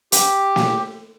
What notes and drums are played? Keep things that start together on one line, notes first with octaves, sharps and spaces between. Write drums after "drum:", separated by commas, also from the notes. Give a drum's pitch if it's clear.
G4, drum: hi-hat
drum: snare